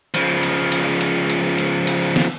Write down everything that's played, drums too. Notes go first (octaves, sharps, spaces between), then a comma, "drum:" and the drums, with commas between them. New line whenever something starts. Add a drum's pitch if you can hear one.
C#3 F3, drum: cymbal
drum: cymbal
drum: cymbal
drum: cymbal
drum: cymbal
drum: cymbal
drum: cymbal
drum: snare